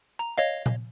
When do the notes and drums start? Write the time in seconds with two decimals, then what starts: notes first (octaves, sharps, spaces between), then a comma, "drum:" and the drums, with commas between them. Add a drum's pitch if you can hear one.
0.19 A#5
0.38 C#5 D#5 F5
0.66 drum: tom A#2